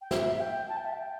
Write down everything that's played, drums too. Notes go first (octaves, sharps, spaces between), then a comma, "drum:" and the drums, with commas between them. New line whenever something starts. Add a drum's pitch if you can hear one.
G5
E5, drum: snare
E5
G5
A5
G5
E5
G5